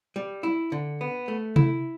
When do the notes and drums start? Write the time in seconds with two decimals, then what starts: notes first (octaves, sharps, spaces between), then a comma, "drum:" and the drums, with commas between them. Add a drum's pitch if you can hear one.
0.16 G3
0.43 E4
0.72 D3
1.01 B3
1.28 A3
1.56 E4, drum: tom C3